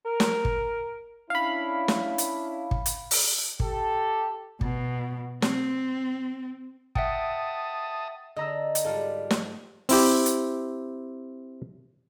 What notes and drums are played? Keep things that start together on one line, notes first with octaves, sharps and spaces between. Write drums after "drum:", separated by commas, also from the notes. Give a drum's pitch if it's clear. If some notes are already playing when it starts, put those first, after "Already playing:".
A#4
drum: snare
drum: kick
C#4 D4 E4 F5 B5
drum: snare
drum: hi-hat
drum: kick
drum: hi-hat
drum: open hi-hat
G4 A4, drum: kick
B2, drum: kick
C4, drum: snare
E5 F#5 G5 A5 D#6, drum: kick
D3 D#5 A#5 E6
drum: hi-hat
G#2 G3 F4 A4
drum: snare
C4 E4 G4, drum: open hi-hat
drum: hi-hat